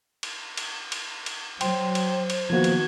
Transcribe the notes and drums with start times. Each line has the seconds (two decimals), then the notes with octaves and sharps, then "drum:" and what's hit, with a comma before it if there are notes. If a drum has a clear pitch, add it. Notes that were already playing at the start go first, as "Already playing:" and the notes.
0.23 drum: cymbal
0.57 drum: cymbal
0.92 drum: cymbal
1.26 drum: cymbal
1.61 F#3 C5 G5 C6, drum: cymbal
1.95 drum: cymbal
2.30 drum: cymbal
2.50 D#3 F3 A#3 B3 F#4 G#6
2.64 drum: cymbal